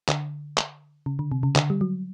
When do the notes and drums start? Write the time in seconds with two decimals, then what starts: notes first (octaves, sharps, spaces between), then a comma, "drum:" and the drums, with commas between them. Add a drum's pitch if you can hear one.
0.08 D3, drum: clap
0.57 drum: clap
1.06 C#3
1.19 D3
1.32 C3
1.43 C#3
1.56 D3, drum: clap
1.70 G3
1.81 F#3